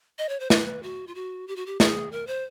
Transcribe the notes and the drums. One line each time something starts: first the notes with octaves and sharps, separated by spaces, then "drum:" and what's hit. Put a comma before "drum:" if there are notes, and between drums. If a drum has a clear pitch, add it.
D#5
C#5
C5
B4, drum: snare
F#4
F4
F#4
G4
F#4
G4
G#4, drum: snare
A#4
C5